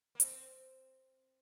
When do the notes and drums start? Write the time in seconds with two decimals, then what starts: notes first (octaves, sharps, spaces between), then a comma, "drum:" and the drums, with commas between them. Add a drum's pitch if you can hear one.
0.15 A#3
0.20 C4, drum: hi-hat